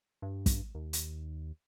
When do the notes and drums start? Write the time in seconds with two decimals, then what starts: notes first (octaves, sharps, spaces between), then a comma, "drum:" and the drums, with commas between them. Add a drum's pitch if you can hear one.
0.22 G2
0.46 drum: kick, hi-hat
0.75 D#2
0.93 drum: hi-hat